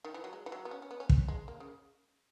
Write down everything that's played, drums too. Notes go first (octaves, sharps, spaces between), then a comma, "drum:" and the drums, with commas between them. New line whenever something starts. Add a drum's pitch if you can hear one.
D#3
E3
F#3
G#3
E3
F#3
B3
C#4
C#4
B3
C#4
drum: kick
G#3
A#3
C#3